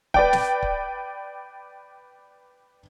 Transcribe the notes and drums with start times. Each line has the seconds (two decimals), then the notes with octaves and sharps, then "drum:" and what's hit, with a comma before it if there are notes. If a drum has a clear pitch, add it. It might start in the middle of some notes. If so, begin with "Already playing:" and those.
0.14 B4 D5 G5, drum: kick
0.33 drum: snare
0.63 drum: kick